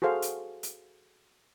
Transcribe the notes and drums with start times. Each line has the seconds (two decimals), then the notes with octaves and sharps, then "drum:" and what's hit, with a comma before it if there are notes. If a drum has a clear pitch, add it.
0.02 F#4 G#4 A4 C5 F5
0.22 drum: hi-hat
0.63 drum: hi-hat